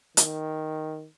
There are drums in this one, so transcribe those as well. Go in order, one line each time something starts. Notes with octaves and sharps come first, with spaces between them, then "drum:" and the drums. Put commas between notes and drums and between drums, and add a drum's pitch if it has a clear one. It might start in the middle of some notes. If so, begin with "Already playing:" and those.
D#3, drum: hi-hat